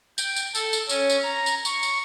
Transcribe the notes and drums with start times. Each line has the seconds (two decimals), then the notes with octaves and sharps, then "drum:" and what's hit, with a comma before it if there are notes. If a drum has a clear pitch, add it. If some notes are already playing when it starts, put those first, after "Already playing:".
0.18 G5, drum: tambourine
0.36 drum: tambourine
0.55 A4, drum: tambourine
0.73 drum: tambourine
0.89 C#4, drum: tambourine
1.10 drum: tambourine
1.23 A#5
1.46 drum: tambourine
1.65 C#6, drum: tambourine
1.83 drum: tambourine